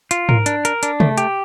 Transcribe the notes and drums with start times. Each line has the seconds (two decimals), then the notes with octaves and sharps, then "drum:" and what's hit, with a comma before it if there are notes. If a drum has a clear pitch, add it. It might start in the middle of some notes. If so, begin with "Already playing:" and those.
0.11 F4, drum: hi-hat
0.29 A#4, drum: tom G#2
0.46 D4, drum: hi-hat
0.65 A#4, drum: hi-hat
0.83 D4, drum: hi-hat
1.00 A3, drum: tom C3
1.18 G4, drum: hi-hat